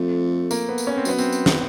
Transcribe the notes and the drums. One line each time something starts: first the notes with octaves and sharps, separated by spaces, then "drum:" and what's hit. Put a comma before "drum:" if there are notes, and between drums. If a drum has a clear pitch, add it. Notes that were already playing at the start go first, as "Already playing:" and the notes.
Already playing: F2 A3
A#3, drum: tambourine
B3
drum: tambourine
C#4
C4
F#2 B3, drum: tambourine
C4, drum: tambourine
drum: tambourine
drum: snare